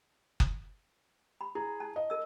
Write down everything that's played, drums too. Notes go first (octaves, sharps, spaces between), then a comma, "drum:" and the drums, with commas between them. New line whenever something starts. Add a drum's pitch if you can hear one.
drum: kick F#1
B5
E4 G#4
A5
D#5
A#4 E6